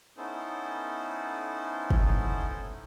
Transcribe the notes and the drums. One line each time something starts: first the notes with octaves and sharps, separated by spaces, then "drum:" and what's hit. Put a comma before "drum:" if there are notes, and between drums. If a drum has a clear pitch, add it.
B3 C#4 D#4 E4 A4 C5
drum: kick